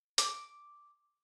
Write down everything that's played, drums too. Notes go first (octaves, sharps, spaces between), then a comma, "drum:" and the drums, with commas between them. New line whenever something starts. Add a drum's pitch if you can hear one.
D6, drum: hi-hat